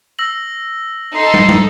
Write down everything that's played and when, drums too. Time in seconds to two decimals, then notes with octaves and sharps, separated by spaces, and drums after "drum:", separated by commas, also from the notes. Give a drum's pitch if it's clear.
0.19 E6 A#6 F#7
1.15 D#4 A4 C6
1.34 drum: tom
1.49 drum: tom